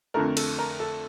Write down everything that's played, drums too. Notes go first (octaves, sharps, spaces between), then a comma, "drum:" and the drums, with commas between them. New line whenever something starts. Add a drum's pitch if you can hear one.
F2 D3 A3 A#4
A4, drum: cymbal
A#4
A4